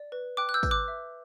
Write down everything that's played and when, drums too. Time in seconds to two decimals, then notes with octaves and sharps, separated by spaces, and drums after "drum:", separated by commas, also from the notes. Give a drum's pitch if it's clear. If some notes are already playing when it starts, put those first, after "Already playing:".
Already playing: D5
0.12 B4
0.37 G5 D6 F#6
0.49 F#6
0.54 E6 G6
0.63 B4, drum: kick, tambourine
0.71 D6 F#6
0.88 E5